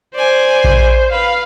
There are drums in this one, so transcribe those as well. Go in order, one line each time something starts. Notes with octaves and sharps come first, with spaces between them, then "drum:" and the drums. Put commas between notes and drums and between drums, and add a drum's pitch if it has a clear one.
C5 D5 G#5
drum: kick A#1
B4 F5